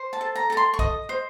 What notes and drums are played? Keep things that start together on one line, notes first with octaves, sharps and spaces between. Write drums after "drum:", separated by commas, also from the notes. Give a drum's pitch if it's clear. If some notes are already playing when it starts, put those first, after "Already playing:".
Already playing: C5
A5
A4
A#5
A4 A#5
C6
C#6
D#5 D#6, drum: kick A#1
C5